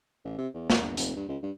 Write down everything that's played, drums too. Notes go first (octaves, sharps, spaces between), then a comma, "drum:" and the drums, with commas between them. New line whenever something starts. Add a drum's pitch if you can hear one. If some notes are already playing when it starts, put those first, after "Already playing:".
A1
C3
E2
A#2, drum: snare
G1
F1, drum: hi-hat
G2
C#2
G2